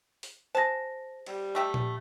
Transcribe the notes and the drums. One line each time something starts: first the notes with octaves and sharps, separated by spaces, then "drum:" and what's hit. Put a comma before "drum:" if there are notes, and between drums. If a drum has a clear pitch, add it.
drum: open hi-hat
G#4 C5 A5 A#6
G3, drum: cymbal
A3 G4 E5
drum: tom A#2